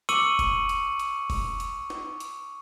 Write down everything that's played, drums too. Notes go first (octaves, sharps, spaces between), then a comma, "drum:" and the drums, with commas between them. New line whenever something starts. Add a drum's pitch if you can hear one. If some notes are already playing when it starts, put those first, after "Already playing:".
C#6 D6 E6 C#7 D#7 F#7, drum: hi-hat
drum: kick F1, hi-hat
drum: hi-hat
drum: hi-hat
drum: kick F1, open hi-hat
drum: hi-hat
drum: snare
drum: hi-hat